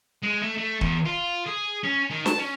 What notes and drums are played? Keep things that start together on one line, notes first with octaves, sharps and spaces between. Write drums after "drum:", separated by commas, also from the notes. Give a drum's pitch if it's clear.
G#3
A3
A3
E2, drum: kick C#1
F4
G#4
C#4
D#3
A5, drum: snare
C#4